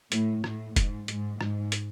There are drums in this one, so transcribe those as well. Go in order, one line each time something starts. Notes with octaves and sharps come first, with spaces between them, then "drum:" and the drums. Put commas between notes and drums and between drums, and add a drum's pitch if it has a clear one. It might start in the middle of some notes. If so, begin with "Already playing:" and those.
A2, drum: hi-hat
A2, drum: rim click
G#2, drum: kick F1, hi-hat
G#2, drum: hi-hat
G#2, drum: rim click
drum: hi-hat